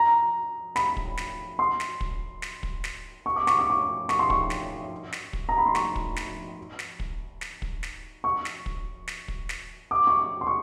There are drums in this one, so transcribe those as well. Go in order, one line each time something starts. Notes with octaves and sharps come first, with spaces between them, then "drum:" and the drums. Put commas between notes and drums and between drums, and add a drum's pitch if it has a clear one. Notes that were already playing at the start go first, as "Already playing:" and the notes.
Already playing: A#5
B5, drum: snare
drum: kick
drum: snare
C6
drum: snare
drum: kick
drum: snare
drum: kick
drum: snare
C#6
D6
C#6, drum: snare
D6
C#6
C#6, drum: snare
C6
C#6, drum: kick
drum: snare
drum: snare
drum: kick
A#5
B5
C6
C#6, drum: snare
drum: kick
drum: snare
drum: snare
drum: kick
drum: snare
drum: kick
drum: snare
C#6
drum: snare
drum: kick
drum: snare
drum: kick
drum: snare
D6
C#6
D6
C6
C#6